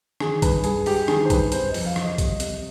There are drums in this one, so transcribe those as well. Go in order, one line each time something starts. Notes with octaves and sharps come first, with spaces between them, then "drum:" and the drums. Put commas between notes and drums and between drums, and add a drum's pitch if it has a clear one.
D#3 G#4, drum: rim click
G2 B4, drum: kick A#1, hi-hat
G2 G#4, drum: hi-hat
G#3 G4, drum: open hi-hat
D#3 G#4, drum: rim click
C5
G2 B4, drum: kick A#1, hi-hat
C3 C5, drum: hi-hat
D#5
F2, drum: open hi-hat
F5
F2, drum: rim click
D#5
G3, drum: kick A#1, hi-hat
C3, drum: hi-hat